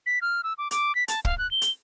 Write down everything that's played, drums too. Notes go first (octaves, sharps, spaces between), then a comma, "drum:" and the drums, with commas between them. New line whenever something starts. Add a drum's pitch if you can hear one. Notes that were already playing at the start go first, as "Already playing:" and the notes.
B6
F6
E6
D6
D6, drum: hi-hat
B6
A5, drum: hi-hat
F5, drum: kick
F#6
G7
drum: hi-hat